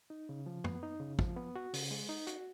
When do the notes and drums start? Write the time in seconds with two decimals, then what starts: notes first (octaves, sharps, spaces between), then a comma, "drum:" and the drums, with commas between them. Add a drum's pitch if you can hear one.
0.10 D#4
0.29 C#3
0.46 F3
0.64 B3, drum: tom
0.83 D#4
1.00 C#3
1.19 F3, drum: kick
1.37 B3
1.56 F#4
1.74 C#3, drum: open hi-hat
1.91 G#3
2.09 D#4
2.27 F#4, drum: hi-hat